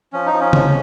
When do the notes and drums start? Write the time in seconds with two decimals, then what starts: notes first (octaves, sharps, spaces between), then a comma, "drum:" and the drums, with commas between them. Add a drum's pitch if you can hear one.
0.13 F3 C#4
0.26 D#4
0.33 F3
0.40 C#4
0.53 G#2, drum: tom C#3